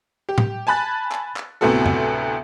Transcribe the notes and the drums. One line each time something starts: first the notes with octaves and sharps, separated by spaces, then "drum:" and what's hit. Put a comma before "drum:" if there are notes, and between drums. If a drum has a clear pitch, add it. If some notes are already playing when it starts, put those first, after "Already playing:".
G4
drum: tom
G#5 A5 B5 F#6 A6
drum: clap
drum: clap
D2 A2 C3 B3 F#4 A4
drum: tom F2